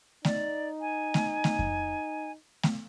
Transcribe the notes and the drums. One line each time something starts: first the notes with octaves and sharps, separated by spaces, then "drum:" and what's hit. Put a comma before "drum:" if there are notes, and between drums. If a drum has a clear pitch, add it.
D#4 D5, drum: snare A3
G#5
drum: snare A3
drum: snare A3
drum: kick F2
drum: snare A3